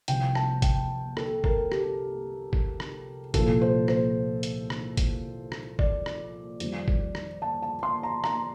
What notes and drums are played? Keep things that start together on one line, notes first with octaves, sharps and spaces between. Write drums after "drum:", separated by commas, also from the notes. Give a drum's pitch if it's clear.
C2 C3 F3 G5, drum: hi-hat
A5, drum: rim click
G5, drum: kick, hi-hat
A4, drum: rim click
A#4, drum: kick
G4, drum: rim click
drum: kick
drum: rim click
C2 A#2 F3 A4, drum: kick, hi-hat
C5
C5, drum: rim click
drum: hi-hat
drum: rim click
drum: kick, hi-hat
drum: rim click
D5, drum: kick
drum: rim click
F2 D#3 G3, drum: hi-hat
drum: kick
drum: rim click
A5
A5
C6
A#5
A#5, drum: rim click